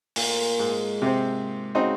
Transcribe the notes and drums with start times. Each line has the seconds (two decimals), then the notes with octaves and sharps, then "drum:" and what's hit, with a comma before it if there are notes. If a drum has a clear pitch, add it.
0.16 A#2, drum: open hi-hat
0.59 G#2
1.02 C3 C4
1.75 C#3 C4 D#4 F#4